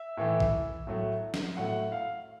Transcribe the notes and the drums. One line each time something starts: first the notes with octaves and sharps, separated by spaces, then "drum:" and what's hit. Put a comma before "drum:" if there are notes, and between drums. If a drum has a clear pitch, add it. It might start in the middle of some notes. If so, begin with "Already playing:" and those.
Already playing: E5
A2 E3 A3
drum: kick A1
A2 F#3 A3
drum: snare
A2 F#3 A3 F#5
F5